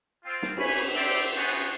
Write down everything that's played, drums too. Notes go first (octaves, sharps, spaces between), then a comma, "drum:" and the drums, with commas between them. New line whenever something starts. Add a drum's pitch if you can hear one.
C4 F4
drum: snare
C#5 G#5 B5, drum: cymbal
C5 D5 E5
B3 F4 F#4 G#4 B4 C5